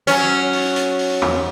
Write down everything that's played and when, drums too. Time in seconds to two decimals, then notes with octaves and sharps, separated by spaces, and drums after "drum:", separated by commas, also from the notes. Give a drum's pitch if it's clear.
0.07 F#3 C#4, drum: hi-hat
0.53 drum: open hi-hat
0.76 drum: hi-hat
0.99 drum: open hi-hat
1.22 drum: tom